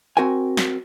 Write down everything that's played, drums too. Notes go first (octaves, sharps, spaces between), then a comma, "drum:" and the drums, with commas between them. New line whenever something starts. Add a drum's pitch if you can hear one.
C4 F#4 A#4 G5 G#5
drum: snare